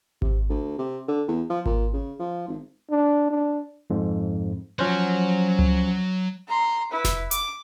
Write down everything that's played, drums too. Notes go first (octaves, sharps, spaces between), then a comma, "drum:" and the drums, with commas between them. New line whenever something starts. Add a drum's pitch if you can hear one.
C3, drum: kick G#1
D2
C3
D3
E2
F3
A#2, drum: kick G#1
C#3
F3
G#1
D4
D4
F2 G#2
F3 F#3 C#4 C5 F#5
drum: tom C#2
A#5 C6
E4 B4
drum: snare F1
D6, drum: hi-hat